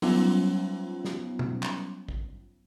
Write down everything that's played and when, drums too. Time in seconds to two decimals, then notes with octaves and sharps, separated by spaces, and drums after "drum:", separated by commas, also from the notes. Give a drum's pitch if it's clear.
0.02 F#3 G3 B3 C#4 D#4 F4, drum: open hi-hat
1.05 drum: snare
1.39 drum: tom B2
1.63 drum: clap
2.08 drum: kick